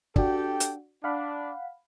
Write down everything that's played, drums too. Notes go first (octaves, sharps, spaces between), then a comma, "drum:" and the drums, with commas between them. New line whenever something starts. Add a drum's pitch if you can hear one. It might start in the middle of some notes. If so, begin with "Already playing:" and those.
D4 F#4 G4 A4 G5, drum: kick
drum: hi-hat
D4 F5 F#5 B5